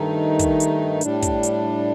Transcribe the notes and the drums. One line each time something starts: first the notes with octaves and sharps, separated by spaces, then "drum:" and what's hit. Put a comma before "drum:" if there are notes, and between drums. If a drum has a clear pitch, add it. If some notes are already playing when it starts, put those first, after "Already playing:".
Already playing: G2 D#3 A3 D#4
drum: kick, hi-hat
drum: hi-hat
A2 G3 D4, drum: hi-hat
drum: kick, hi-hat
drum: hi-hat